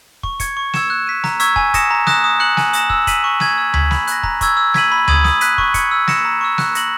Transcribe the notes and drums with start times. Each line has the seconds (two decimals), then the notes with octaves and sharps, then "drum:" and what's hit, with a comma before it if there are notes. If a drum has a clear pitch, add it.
0.23 C#6, drum: kick
0.40 G#6 C#7, drum: kick, hi-hat
0.57 C#6
0.74 E6 G#6 C#7 E7, drum: snare
0.90 F#6
1.07 B6 D#7
1.24 A#5, drum: snare
1.40 C#6 E6 G#6 B6, drum: hi-hat
1.56 G#5, drum: kick
1.74 D#6 A#6 C#7 E7, drum: kick, hi-hat
1.91 A#5
2.07 D#6 F#6 A#6 E7, drum: snare
2.24 D#6
2.40 F#6 C#7 F#7
2.57 G#5, drum: snare
2.73 D#6 A#6 E7, drum: hi-hat
2.90 E6, drum: kick
3.07 B6 D#7 F#7, drum: kick, hi-hat
3.24 C#6
3.40 G#6 D#7 F#7, drum: snare
3.58 E6
3.74 G#6 B6 F#7, drum: tom D2
3.91 B5, drum: snare
4.07 F#6 A#6, drum: hi-hat
4.23 A#5, drum: kick
4.41 C#6 E6 G#6, drum: kick, hi-hat
4.57 E6
4.74 G#6 B6 D#7 F#7, drum: snare
4.92 B5
5.08 D#6 G#6 D#7 F#7, drum: tom D2
5.24 D#6, drum: snare
5.41 F#6 B6 D#7, drum: hi-hat
5.58 C#6, drum: kick
5.74 G#6 C#7, drum: kick, hi-hat
5.91 E6
6.08 A#6 C#7 E7, drum: snare
6.25 A#5
6.41 C#6 E6
6.58 F#6, drum: snare
6.75 A#6 C#7 F#7, drum: hi-hat